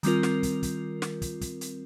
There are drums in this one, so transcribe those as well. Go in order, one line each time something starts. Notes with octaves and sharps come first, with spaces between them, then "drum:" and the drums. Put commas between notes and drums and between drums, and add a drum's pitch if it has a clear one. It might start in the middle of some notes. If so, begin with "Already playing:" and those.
D#3 G3 C4 F4 A#4, drum: hi-hat
drum: snare
drum: kick, hi-hat
drum: kick, hi-hat
drum: snare
drum: kick, hi-hat
drum: kick, hi-hat
drum: hi-hat